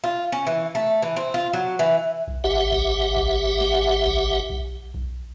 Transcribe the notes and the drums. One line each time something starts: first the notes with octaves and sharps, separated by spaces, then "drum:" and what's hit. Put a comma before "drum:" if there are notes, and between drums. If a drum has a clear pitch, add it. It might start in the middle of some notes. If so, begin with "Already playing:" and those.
F4
C#4
E3
A3
E3
C4
F4
F#3
E3
drum: kick B1
G#1 G4 E5 F#5
drum: kick B1
drum: kick B1
drum: snare
drum: kick B1
drum: kick B1
drum: kick B1